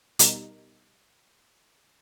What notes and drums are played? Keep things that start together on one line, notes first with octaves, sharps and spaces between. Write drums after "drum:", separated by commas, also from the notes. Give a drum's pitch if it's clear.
B2 G3 D#4 A#4, drum: hi-hat